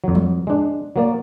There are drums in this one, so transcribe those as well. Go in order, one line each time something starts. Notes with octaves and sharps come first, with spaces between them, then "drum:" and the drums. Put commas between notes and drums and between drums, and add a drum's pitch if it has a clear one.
F2 F#3
drum: tom F#3
G#3 D4
F#3 A#3 D5